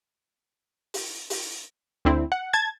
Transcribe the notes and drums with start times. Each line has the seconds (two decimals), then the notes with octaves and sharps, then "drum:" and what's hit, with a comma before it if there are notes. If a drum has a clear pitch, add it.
0.94 drum: open hi-hat
1.30 drum: open hi-hat
2.05 D2 D3 C4 E4
2.32 F#5
2.53 A5 G#6 A6